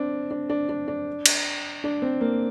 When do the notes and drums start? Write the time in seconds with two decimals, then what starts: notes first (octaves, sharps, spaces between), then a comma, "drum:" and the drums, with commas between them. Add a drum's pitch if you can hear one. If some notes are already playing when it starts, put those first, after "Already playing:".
Already playing: C4 D4
0.31 D4
0.50 D4
0.69 D4
0.88 D4
1.26 drum: cymbal
1.84 D4
2.02 C4
2.21 A#3